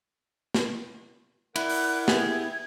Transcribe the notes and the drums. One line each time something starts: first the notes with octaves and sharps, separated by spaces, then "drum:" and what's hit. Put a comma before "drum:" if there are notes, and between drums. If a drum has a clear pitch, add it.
drum: snare
E4 A#4 D5 F#5 F#6, drum: cymbal
drum: open hi-hat
B3 G4 G#4 G#6, drum: snare